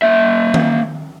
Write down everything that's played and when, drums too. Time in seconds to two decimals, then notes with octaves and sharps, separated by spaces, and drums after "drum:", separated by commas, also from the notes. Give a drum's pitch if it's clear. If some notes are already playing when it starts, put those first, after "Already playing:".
0.02 A#3 E5
0.54 drum: tom D#3